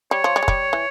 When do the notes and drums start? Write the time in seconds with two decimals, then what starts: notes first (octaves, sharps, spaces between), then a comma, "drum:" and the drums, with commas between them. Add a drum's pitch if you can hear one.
0.11 G3 C#5
0.24 F3
0.36 G3
0.43 G#3
0.48 G3, drum: kick
0.73 E3